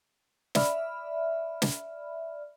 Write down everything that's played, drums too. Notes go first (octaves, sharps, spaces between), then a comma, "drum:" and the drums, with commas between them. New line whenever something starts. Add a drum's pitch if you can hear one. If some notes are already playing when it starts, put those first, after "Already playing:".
D5 E5 B5 F6, drum: snare
drum: snare